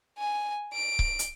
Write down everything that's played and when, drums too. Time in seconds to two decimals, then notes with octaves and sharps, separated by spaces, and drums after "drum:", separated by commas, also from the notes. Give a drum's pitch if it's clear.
0.18 G#5
0.74 D7
0.99 drum: kick C#1
1.19 drum: hi-hat